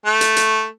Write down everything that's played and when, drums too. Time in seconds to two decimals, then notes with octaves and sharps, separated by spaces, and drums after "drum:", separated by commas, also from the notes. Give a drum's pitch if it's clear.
0.06 A3
0.21 drum: hi-hat
0.37 drum: hi-hat